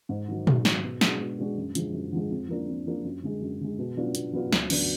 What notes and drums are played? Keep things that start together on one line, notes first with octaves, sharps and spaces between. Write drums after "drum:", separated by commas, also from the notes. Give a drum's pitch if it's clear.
G#2
D#3 F#3
G#2, drum: tom A#2
D#3 F#3, drum: snare
B2
G#3 D4 F#4, drum: snare
B2
G#3 D4 F#4
F#2
D3 F3 G#3, drum: hi-hat
F#2
D3 F3 G#3
F2
F3 A#3 D4 F4
F2
F3 A#3 D4 F4
F#2
D3 G#3
F#2
D3 G#3
B2
F#3 B3 D4 F4
B2, drum: hi-hat
F#3 B3 D4 F4
D2, drum: snare
D3 F#3 B3 D4, drum: cymbal